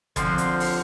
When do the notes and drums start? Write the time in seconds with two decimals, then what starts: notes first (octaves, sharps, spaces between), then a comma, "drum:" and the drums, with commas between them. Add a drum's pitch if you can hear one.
0.16 D3 F3 C4, drum: kick G1, hi-hat
0.38 drum: hi-hat
0.60 drum: open hi-hat